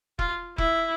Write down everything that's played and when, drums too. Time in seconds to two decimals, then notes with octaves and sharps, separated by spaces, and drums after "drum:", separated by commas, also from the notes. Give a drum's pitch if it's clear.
0.19 F4, drum: kick E1
0.58 E4, drum: kick E1